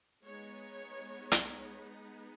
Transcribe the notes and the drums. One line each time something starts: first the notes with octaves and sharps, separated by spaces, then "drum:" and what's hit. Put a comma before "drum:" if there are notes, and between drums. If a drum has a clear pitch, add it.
G#3 B3 D#4 C#5
drum: hi-hat